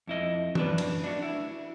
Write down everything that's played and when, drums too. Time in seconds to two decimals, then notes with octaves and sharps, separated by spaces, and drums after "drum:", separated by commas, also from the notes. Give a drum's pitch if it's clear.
0.07 F2 E4 D#5
0.55 F#2 D4 B4, drum: tom E3
0.78 drum: cymbal
1.04 D4 F#4
1.22 E4